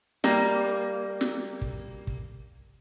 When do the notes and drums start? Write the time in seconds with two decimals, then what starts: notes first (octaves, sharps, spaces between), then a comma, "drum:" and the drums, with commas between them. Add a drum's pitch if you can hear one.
0.24 G3 A#3, drum: snare
1.21 drum: snare
1.62 drum: kick
2.07 drum: kick